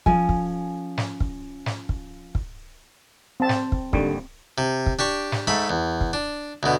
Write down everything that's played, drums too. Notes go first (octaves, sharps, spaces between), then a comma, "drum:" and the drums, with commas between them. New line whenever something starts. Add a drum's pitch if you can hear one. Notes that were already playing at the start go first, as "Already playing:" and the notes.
F3 C#4 A4 G#5, drum: kick
drum: kick
drum: snare
drum: kick
drum: snare
drum: kick
drum: kick
C4 A5
drum: snare
drum: kick
G#1 D#2 D3 G3, drum: kick
C3
drum: kick
D4 G4 C#6
drum: snare
G#2 A3 B5
E2
drum: kick
D4
D2 B2